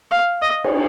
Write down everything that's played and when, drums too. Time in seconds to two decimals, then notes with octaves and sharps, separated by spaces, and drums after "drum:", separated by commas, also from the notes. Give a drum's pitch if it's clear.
0.11 F5
0.42 D#5
0.64 drum: cymbal